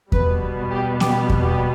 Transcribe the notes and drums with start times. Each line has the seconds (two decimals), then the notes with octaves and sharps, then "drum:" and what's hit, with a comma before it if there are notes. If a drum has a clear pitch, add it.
0.12 B2 G3 B3 B4, drum: kick E2
0.71 G4
1.00 G4, drum: snare B3
1.29 drum: kick E2
1.44 G4